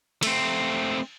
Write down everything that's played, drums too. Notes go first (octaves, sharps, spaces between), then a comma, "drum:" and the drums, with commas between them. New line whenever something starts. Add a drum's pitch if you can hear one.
A3 C4, drum: cymbal